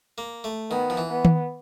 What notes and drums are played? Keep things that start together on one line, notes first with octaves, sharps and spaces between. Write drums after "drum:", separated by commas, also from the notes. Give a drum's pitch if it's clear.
A#3
A3
D#3 B3
F3
E3
B3
drum: tom D#3